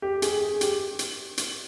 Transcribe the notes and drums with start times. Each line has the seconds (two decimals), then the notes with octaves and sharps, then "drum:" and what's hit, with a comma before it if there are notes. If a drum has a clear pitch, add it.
0.02 G4
0.22 G#4, drum: hi-hat
0.40 G#4
0.61 G4, drum: hi-hat
0.99 drum: hi-hat
1.38 drum: hi-hat